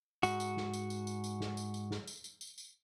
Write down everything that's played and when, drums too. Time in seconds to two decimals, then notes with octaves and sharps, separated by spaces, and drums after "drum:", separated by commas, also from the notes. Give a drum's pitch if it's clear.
0.23 G#2 F#4, drum: tambourine
0.40 drum: tambourine
0.57 drum: snare
0.73 drum: tambourine
0.90 drum: tambourine
1.07 drum: tambourine
1.24 drum: tambourine
1.40 drum: snare
1.57 drum: tambourine
1.74 drum: tambourine
1.91 drum: snare
2.07 drum: tambourine
2.24 drum: tambourine
2.41 drum: tambourine
2.58 drum: tambourine